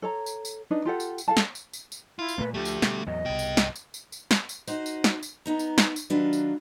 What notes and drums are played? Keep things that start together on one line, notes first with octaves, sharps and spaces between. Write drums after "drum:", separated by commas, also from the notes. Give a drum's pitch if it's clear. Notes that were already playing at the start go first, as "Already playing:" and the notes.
A4 C#5 A#5
drum: tambourine
drum: tambourine
D4 D#4 B4
F4 G4 A4 F#5
drum: tambourine
drum: tambourine
A4 F5 A5
drum: snare
drum: tambourine
drum: tambourine
drum: tambourine
E4 F4
drum: tambourine
A#2 A3 A#3 B4
D2 D3 F3 A3 G4
drum: tambourine
B2 G3, drum: snare
E2 A2 F#3 D#5
C2 G2 B2 G5
drum: tambourine
drum: snare
drum: tambourine
drum: tambourine
drum: tambourine
drum: snare
drum: tambourine
D#4 F#4 C5, drum: tambourine
drum: tambourine
drum: snare
drum: tambourine
B3 D#4 A#5
drum: tambourine
drum: snare
drum: tambourine
D#3 F#3 D4 F4 B4
drum: tambourine